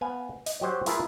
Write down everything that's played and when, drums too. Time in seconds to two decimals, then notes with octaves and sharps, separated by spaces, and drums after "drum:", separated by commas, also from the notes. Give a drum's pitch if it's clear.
0.01 B3 F5 G#5
0.46 D#5, drum: hi-hat
0.61 F#3 G4 C5 C#5 F#5
0.86 E4 F4 G#4 A#4 B4 E5, drum: hi-hat